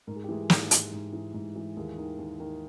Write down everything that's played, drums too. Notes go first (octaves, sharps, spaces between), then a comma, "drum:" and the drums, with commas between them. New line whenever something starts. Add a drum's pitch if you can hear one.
G#2 A#4
G#4
G4
E3 G#3 G#4
G#2, drum: snare
E3, drum: hi-hat
G#2
E3
G#2
E3
D#2 G#3 G#4
D#3
D#2
D#3